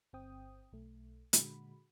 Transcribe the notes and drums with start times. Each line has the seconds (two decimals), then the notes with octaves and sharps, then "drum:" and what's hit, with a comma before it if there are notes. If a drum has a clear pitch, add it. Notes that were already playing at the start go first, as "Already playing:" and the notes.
0.13 G1 C4 G5 D#6
0.72 B1 A3
1.33 A#2 D3 G#3 F#4 B5, drum: hi-hat